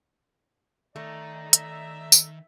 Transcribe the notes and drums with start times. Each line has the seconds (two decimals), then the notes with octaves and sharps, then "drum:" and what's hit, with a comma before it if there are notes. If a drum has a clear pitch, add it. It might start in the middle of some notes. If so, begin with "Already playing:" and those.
0.96 D#3 A3 D5 D#5 A#5
1.53 E5, drum: hi-hat
2.12 drum: tambourine